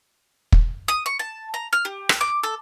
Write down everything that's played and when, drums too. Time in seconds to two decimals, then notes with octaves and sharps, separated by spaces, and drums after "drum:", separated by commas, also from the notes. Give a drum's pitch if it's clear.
0.52 drum: kick
0.88 D#6
1.06 C#6
1.19 A5
1.54 A#5
1.73 F6
1.85 G4
2.09 drum: rim click
2.21 D6
2.43 A4